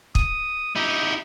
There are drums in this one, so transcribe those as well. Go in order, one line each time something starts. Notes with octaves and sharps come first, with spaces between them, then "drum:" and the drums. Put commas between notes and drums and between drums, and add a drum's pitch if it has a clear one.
D#6, drum: kick
D#4 E4 G4